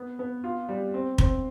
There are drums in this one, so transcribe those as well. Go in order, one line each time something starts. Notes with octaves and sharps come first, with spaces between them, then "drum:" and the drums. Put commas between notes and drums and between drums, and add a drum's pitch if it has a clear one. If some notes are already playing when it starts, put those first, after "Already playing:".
Already playing: B3
B3
F4
G3
C4
C4, drum: kick